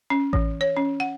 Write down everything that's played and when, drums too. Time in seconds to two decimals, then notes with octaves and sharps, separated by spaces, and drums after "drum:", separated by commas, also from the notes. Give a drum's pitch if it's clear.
0.10 C#4
0.33 E3, drum: kick A1
0.61 C#5
0.77 C#4
1.00 F#5